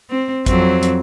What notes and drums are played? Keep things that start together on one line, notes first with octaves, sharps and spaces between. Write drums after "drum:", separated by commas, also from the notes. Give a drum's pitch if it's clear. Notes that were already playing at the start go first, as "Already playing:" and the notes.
C4
F2 F#3 C4, drum: kick G#1, hi-hat
drum: hi-hat